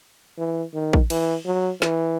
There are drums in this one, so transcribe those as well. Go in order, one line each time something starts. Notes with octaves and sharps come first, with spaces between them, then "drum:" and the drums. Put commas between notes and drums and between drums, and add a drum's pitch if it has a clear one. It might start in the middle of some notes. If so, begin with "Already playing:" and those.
E3
D#3
drum: kick
E3, drum: cymbal
F#3
E3, drum: snare